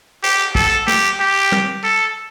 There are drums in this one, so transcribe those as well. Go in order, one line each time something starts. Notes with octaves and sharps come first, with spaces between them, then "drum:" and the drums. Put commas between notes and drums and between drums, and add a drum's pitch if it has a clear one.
G4, drum: cymbal
A4, drum: kick
G4, drum: snare
G4
drum: tom
A4